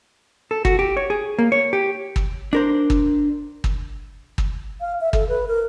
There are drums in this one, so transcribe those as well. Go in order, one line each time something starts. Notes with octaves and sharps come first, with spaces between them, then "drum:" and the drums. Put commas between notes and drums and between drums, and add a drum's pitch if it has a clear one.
A4
F#4, drum: kick
G4
C#5
G#4
A#3
C#5
G4
drum: kick
D4 A#4 C5
drum: kick
drum: kick
drum: kick
F5
E5
A4, drum: kick
B4
A#4